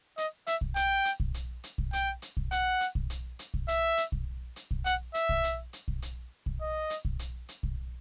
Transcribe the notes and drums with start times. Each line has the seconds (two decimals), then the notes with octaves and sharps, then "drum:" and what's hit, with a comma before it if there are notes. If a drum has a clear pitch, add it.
0.18 D#5, drum: hi-hat
0.47 E5, drum: hi-hat
0.61 drum: kick
0.76 G5, drum: hi-hat
1.05 drum: hi-hat
1.20 drum: kick
1.34 drum: hi-hat
1.64 drum: hi-hat
1.78 drum: kick
1.93 G5, drum: hi-hat
2.22 drum: hi-hat
2.37 drum: kick
2.52 F#5, drum: hi-hat
2.81 drum: hi-hat
2.95 drum: kick
3.10 drum: hi-hat
3.39 drum: hi-hat
3.54 drum: kick
3.68 E5, drum: hi-hat
3.98 drum: hi-hat
4.12 drum: kick
4.56 drum: hi-hat
4.71 drum: kick
4.86 F#5, drum: hi-hat
5.15 E5, drum: hi-hat
5.29 drum: kick
5.44 drum: hi-hat
5.73 drum: hi-hat
5.88 drum: kick
6.02 drum: hi-hat
6.46 drum: kick
6.61 D#5
6.90 drum: hi-hat
7.05 drum: kick
7.19 drum: hi-hat
7.49 drum: hi-hat
7.63 drum: kick